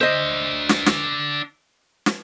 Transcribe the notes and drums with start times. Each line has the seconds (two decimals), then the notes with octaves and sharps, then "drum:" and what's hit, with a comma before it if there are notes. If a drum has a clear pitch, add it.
0.01 D4 C5 D#5 E5
0.69 drum: snare
0.86 drum: snare
2.06 drum: snare